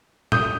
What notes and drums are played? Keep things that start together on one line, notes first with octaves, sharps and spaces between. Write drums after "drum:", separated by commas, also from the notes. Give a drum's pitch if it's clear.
D#6 G6, drum: tom